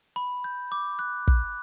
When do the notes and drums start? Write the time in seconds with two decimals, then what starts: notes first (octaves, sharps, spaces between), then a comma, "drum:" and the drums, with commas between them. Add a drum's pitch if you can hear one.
0.16 B5
0.44 G6
0.72 D6
0.99 F#6
1.28 F#6, drum: kick